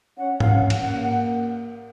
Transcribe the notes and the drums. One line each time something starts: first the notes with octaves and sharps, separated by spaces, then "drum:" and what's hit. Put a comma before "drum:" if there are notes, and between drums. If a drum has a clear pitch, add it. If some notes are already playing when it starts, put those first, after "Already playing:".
C#4 F#5
F5, drum: tom G#2
C#4 F#5
drum: cymbal
A#3 F#5